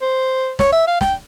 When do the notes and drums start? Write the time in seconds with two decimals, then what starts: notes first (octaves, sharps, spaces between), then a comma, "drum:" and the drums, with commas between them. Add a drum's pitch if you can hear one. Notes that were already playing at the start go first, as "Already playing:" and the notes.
0.02 C5
0.59 C#5, drum: snare
0.72 E5
0.87 F5
1.01 G5, drum: snare